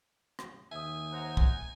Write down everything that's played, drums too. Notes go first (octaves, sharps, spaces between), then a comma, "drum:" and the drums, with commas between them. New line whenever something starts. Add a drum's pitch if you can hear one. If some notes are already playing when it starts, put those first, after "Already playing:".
drum: rim click
D#2 E5 G#5 D#6
C5 F#5 A#5
drum: kick